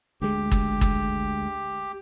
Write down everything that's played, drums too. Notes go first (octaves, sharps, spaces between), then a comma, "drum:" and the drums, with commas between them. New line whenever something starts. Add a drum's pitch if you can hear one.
D2 G#3 G4
drum: kick
drum: kick